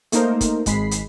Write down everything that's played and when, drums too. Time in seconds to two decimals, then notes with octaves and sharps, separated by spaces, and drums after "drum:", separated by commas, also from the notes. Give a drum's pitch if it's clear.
0.12 A3 A#3 D#4 A#4 C5, drum: hi-hat
0.41 drum: kick, hi-hat
0.66 G#1 G#3 B5 B6 C7, drum: kick, hi-hat
0.91 drum: hi-hat